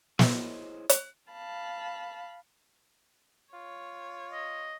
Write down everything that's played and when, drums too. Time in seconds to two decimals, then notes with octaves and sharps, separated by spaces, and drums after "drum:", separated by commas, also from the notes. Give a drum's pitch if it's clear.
0.19 E4 G#4 C5 C#5 D#5, drum: snare
0.89 drum: hi-hat
1.31 F5 A5 B5
3.53 F4 C#5
4.32 D#5